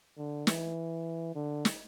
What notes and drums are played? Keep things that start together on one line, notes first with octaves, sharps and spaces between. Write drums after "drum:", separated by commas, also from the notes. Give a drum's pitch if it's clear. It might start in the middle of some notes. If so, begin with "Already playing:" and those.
D3
E3, drum: snare
D3
drum: snare